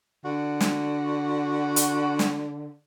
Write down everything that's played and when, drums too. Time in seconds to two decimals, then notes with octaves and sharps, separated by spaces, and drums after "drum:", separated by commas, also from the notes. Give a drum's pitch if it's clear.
0.25 D3 F#4
0.61 drum: snare
1.76 drum: hi-hat
2.19 drum: snare